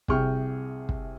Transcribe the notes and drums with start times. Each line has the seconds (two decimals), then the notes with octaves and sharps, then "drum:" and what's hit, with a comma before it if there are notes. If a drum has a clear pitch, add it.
0.08 C2 C3 G#4 G5 C#6 F6, drum: kick
0.89 drum: kick